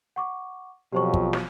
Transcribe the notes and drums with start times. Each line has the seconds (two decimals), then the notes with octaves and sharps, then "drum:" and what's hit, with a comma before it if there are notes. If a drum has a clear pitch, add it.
0.16 F#5 C#6 D6
0.93 F2 B2 F3 F#3 G4 C5 C#6
1.14 drum: kick
1.33 drum: snare